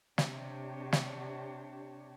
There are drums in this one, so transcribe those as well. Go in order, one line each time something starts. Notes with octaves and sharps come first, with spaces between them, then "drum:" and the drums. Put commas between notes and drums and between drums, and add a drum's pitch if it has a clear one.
C3 D4 G4 C#5, drum: snare
drum: snare